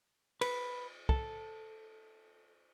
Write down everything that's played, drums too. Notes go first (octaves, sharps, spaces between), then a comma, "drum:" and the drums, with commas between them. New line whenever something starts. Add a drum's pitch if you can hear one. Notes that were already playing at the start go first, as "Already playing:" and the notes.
B4, drum: cymbal
A4, drum: kick